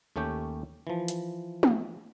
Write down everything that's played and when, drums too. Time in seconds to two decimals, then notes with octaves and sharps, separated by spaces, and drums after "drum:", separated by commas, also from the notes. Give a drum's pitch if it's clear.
0.16 D#2 A3 C#4 G4 G5
0.87 E3 F3
1.08 drum: hi-hat
1.63 drum: tom